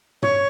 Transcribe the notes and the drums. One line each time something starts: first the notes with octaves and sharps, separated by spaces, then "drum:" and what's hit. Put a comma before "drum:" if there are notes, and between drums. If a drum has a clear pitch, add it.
C#5, drum: tom